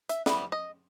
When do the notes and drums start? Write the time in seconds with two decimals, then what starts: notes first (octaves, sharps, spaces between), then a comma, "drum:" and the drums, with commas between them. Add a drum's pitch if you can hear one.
0.09 E5, drum: hi-hat
0.26 E3 G3 B3, drum: snare
0.52 D#5